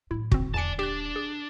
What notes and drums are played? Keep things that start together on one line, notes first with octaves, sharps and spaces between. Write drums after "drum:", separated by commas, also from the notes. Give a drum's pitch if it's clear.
A2 F#3 E4
D#1 D3 C4 F#4, drum: kick
E2 D5 G#5 A5 C#7
D4 G4 F#6
G#4